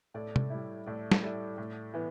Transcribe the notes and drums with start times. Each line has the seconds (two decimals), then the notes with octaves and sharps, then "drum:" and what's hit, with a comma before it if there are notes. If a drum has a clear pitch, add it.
0.14 A2 A4 D5
0.36 drum: tom
0.50 G3 E4
0.87 A2 A4 D5
1.12 drum: snare
1.22 G3 E4 A4 D5
1.58 A2
1.94 E3 B3